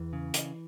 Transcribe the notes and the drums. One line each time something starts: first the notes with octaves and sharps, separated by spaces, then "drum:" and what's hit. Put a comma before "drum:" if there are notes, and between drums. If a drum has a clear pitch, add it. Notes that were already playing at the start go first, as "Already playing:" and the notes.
Already playing: E2 E3
C#3
drum: hi-hat